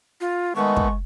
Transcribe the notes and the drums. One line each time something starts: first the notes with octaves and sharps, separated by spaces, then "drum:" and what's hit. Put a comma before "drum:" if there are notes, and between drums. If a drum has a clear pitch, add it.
F4
D#3 G#3 A3 B3 C#6
drum: kick